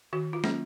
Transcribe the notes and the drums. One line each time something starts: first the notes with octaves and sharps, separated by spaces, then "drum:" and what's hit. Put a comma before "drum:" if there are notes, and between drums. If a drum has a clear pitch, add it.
D#3 F#4
F4
F#3 A#3 C#4, drum: snare